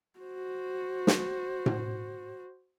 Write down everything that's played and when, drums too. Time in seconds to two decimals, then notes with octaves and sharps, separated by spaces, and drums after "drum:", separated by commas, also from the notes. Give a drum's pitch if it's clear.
0.19 F#4 C5
1.07 drum: snare
1.66 drum: tom A2